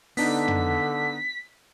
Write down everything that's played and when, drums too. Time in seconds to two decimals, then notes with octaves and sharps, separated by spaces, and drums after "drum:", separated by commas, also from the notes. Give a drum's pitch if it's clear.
0.17 D3 B3 D4 D#4 B6, drum: open hi-hat
0.48 drum: tom